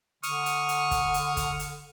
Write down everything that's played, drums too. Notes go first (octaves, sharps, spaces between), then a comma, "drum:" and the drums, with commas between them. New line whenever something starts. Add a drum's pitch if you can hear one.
D3 C#6 D#6 F6, drum: hi-hat
drum: hi-hat
drum: hi-hat
drum: kick, hi-hat
drum: hi-hat
drum: kick, hi-hat
drum: hi-hat